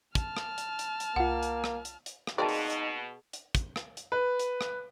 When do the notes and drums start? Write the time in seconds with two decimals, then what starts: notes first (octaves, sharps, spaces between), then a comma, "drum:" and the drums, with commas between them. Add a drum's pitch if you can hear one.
0.15 A5 F6, drum: kick, hi-hat
0.37 drum: rim click
0.58 drum: hi-hat
0.79 drum: hi-hat
1.00 drum: hi-hat
1.16 C2 A#3 F4 F#5
1.43 drum: hi-hat
1.64 drum: rim click
1.85 drum: hi-hat
2.06 drum: hi-hat
2.27 drum: rim click
2.38 B2 A#3 C4 D#4 G#4 D5 A5
2.49 drum: open hi-hat
2.70 drum: hi-hat
3.33 drum: hi-hat
3.55 drum: kick, hi-hat
3.76 drum: rim click
3.97 drum: hi-hat
4.12 B4
4.39 drum: hi-hat
4.61 drum: rim click